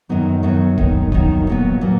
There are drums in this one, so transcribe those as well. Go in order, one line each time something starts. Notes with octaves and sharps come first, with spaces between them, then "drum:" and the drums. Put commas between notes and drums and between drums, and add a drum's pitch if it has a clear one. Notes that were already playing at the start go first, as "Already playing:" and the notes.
F#2 D#3 F#3 B3 D#4
F#2 D#3 F#3 B3 D#4
F#2 D#3 F#3 B3 D#4, drum: kick D#1
F#2 D#3 F#3 B3 D#4, drum: kick D#1
A#2 F#3 B3
A#2 F#3